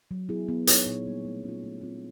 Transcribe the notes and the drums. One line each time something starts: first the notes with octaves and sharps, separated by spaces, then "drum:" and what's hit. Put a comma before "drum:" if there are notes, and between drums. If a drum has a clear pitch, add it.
F#3
B3 E4 G#4
B3
D#4 G#4 C#5, drum: hi-hat
A#2
G3 A#3
A3
C#4 F4
A3
C4 F4